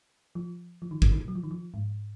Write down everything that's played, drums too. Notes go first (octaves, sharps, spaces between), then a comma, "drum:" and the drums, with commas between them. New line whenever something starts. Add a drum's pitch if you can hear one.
F3
F3
D#3
C#3, drum: kick
D#3
F#3
F3
D#3
F3
G#2